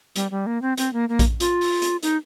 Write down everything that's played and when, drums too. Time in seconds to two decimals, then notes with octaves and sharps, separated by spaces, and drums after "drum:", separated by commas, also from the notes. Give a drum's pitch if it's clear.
0.16 G3, drum: hi-hat
0.31 G3
0.46 A#3
0.62 C4
0.77 C4, drum: hi-hat
0.93 A#3
1.09 A#3
1.19 drum: kick A#1, hi-hat
1.40 F4, drum: hi-hat
1.61 drum: open hi-hat
1.82 drum: hi-hat
2.03 D#4, drum: hi-hat